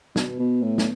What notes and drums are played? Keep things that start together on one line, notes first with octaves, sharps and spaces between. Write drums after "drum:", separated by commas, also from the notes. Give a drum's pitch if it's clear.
B2 B3, drum: snare
B2
A2
drum: snare